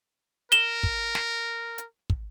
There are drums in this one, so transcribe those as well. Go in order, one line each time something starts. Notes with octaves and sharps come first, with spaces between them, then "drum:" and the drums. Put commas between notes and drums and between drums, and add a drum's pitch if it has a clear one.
A#4 E7 G7, drum: hi-hat
drum: kick
drum: snare
drum: hi-hat
drum: kick